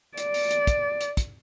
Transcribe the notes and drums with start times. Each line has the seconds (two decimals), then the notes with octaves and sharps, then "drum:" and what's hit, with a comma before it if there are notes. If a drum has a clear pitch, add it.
0.17 D5, drum: hi-hat
0.34 drum: open hi-hat
0.51 drum: hi-hat
0.67 drum: kick, hi-hat
1.01 drum: hi-hat
1.17 drum: kick, hi-hat